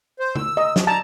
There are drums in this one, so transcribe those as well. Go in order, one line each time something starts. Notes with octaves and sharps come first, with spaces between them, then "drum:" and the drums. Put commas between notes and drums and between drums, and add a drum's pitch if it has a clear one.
C5
E6, drum: tom C#3
D#5
F3, drum: snare
A5 A#5